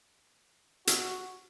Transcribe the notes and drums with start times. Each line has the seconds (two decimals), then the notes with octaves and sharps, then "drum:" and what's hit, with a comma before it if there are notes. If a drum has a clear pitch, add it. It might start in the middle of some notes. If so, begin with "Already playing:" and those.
0.87 F#4, drum: hi-hat